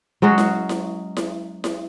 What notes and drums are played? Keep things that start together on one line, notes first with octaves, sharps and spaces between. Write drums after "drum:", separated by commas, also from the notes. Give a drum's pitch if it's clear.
F#3 G#3 C#4 F#4
drum: snare E4
drum: snare E4
drum: snare E4
drum: snare E4